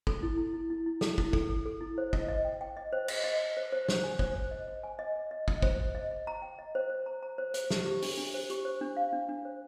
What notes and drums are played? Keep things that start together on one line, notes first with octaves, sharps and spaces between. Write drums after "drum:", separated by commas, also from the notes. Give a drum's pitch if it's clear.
A4, drum: kick
E4
E4
E4
E4
E4
A4, drum: snare
E4, drum: kick
A4, drum: kick
A4
A4
E4
C5
D#5, drum: kick
D#5
G5
G5
D#5
C5
D#5, drum: cymbal
D#5
D#5
C5
C5
C5, drum: snare
G#5
C5, drum: kick
C5
D#5
D#5
G#5
D#5
D#5
D#5
D#5, drum: kick
C5, drum: kick
D#5
D#5
D#5
A#5
G5
D#5
C5
C5
A#5
A#5
C5
C5, drum: hi-hat
G4, drum: snare
G4
D4, drum: open hi-hat
D4
C5
G4, drum: hi-hat
C5
D4
F5
D4
D4
C5